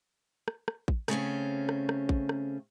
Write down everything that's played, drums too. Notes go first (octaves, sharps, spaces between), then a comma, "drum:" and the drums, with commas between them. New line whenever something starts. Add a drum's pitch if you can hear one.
drum: rim click
drum: rim click
drum: kick A1
C#3 A3 C4 C#4, drum: rim click
drum: rim click
drum: rim click
drum: kick A1
drum: rim click